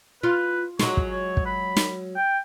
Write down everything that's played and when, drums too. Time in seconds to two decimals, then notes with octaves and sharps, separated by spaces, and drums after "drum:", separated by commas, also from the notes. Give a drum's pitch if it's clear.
0.23 F4 B4
0.79 F#3 G#3 C#6, drum: snare
0.97 drum: kick
1.10 C#5
1.37 drum: kick
1.46 B5
1.77 drum: snare
2.16 G5